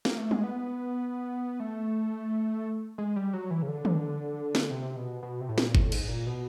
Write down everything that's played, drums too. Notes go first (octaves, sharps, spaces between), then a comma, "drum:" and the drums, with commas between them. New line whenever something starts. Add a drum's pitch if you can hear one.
A#3, drum: snare
A3
G#3, drum: tom
B3
A3
G#3
G3
F#3
E3
C#3
D3
drum: tom
drum: snare
C3
B2
B2
C3
A2
A#2, drum: snare
A2, drum: kick
G#2, drum: cymbal
A#2
B2